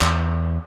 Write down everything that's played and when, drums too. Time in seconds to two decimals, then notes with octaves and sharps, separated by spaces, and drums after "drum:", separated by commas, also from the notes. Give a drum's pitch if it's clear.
0.01 E2, drum: clap